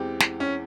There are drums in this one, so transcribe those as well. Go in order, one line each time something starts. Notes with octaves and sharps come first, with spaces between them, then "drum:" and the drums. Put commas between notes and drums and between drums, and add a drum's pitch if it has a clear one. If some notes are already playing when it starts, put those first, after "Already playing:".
Already playing: E2 E3 G#3 C4 G4
drum: snare
C#4